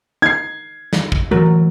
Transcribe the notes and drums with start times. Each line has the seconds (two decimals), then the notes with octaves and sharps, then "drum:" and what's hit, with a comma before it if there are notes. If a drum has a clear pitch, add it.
0.22 D#4 G#6 C7
0.93 drum: snare
1.12 drum: kick
1.31 E3 F#3 A3 F#4 A#4 A#5